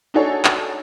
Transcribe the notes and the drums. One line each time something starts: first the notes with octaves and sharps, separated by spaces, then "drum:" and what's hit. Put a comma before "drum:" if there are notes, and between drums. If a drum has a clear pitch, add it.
D4 D#4 F#4 G#4 A4 C#5
drum: clap